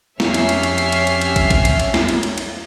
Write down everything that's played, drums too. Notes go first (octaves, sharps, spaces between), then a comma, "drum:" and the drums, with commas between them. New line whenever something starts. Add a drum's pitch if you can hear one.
F2 C#4 G4 E5 F6 C7, drum: snare
drum: cymbal
drum: cymbal
drum: cymbal
drum: cymbal
drum: cymbal
drum: cymbal
drum: cymbal
drum: kick, cymbal
drum: kick, cymbal
drum: cymbal
drum: cymbal
drum: snare
drum: cymbal
drum: cymbal
drum: cymbal